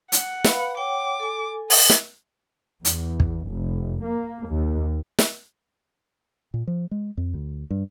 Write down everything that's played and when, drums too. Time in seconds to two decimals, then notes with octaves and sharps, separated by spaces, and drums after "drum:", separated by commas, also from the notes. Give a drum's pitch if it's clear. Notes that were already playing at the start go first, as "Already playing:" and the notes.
0.12 F#5, drum: hi-hat
0.44 B4 F5 B5, drum: snare
0.77 C#5 F#5 G5 D6
1.20 A4 G#5
1.70 D#5, drum: open hi-hat
1.90 drum: snare
2.85 E2, drum: hi-hat
3.20 drum: kick
3.47 F1
4.04 A#3
4.47 D#2
5.19 drum: snare
6.54 A#2
6.67 F3
6.91 G#3
7.17 F2
7.34 D2
7.71 G2